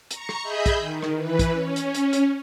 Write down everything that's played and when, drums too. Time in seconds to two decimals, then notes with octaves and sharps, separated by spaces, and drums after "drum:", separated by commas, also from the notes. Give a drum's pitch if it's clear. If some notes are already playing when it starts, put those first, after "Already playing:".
0.11 A#5 C#6 C#7, drum: hi-hat
0.29 drum: rim click
0.42 G#4 D#5 E5 B5 G6
0.66 drum: kick, hi-hat
0.78 D#3
1.03 drum: rim click
1.14 E3 B4
1.39 drum: kick, hi-hat
1.52 C#4
1.76 drum: hi-hat
1.94 drum: hi-hat
2.13 drum: hi-hat